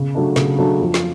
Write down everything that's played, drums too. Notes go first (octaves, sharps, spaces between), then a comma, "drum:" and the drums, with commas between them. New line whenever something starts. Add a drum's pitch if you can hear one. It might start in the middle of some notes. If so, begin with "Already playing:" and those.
Already playing: C#3
F#3 A3 D4
C#3, drum: snare
F#3 A3 D4
F2
drum: snare